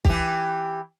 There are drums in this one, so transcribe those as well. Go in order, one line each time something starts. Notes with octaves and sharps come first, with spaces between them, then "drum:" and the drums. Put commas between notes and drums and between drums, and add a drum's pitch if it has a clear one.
E3 G4, drum: kick